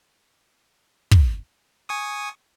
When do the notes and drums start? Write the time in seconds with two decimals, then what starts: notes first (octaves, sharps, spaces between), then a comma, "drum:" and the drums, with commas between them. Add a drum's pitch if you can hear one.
1.11 drum: kick
1.89 G#5 C#6 D#6